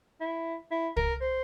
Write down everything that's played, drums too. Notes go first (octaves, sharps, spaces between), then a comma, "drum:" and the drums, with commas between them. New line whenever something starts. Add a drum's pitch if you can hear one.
E4
E4
A#4, drum: kick
C5